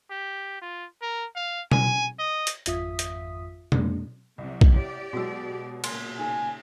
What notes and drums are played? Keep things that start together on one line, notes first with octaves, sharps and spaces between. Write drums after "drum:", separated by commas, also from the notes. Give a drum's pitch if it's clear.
G4
F4
A#4
F5
G#5, drum: tom B2
D#5
drum: hi-hat
G#1 F2 F4 E5 D#6 B6, drum: hi-hat
drum: hi-hat
F2 B2 G#3 A#3 D4, drum: tom B2
C2 C3 F#3
drum: kick B1
E4 G4 C#5 D5
B2 F#3 G#3 F#4 G#4 E6
A#2 C#3 G#5 C6, drum: cymbal
D#4 G#4 G#5